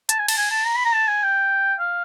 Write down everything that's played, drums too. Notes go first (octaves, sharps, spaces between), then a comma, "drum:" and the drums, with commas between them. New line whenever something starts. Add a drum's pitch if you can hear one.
A5, drum: hi-hat
G#5
A5, drum: cymbal
G#5
A5
A#5
B5
A#5
A5
G#5
G5
F5